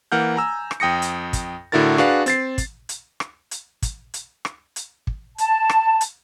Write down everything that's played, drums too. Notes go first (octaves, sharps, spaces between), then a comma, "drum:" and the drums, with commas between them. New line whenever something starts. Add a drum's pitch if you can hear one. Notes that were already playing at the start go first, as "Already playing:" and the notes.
E3 A#3 F#5 F6 G6
G#5 A#5 E6
drum: rim click
F2 G5 D#6 A#6 C#7
drum: hi-hat
drum: kick, hi-hat
A2 D3 E4 F#4 A#4 A6
D4 F#4 G#4 B4 F5, drum: rim click
C4 A6 C7, drum: hi-hat
drum: kick, hi-hat
drum: hi-hat
drum: rim click
drum: hi-hat
drum: kick, hi-hat
drum: hi-hat
drum: rim click
drum: hi-hat
drum: kick
A5, drum: hi-hat
drum: rim click
drum: hi-hat